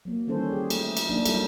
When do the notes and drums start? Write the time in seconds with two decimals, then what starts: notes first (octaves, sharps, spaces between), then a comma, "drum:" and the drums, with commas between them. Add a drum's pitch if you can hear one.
0.05 F#3 A#3
0.27 D#3 E3 G3 C#4 A4 C5
0.49 G4 G#4
0.70 A3, drum: cymbal
0.97 drum: cymbal
1.09 F#3 A#3 D4 D#4
1.26 F#3 G3 E4 A4, drum: cymbal